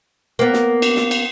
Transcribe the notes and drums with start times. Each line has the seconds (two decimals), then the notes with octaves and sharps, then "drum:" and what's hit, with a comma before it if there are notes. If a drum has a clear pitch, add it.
0.39 A#3 B3
0.54 drum: snare
0.82 drum: cymbal
0.97 drum: snare
1.11 drum: cymbal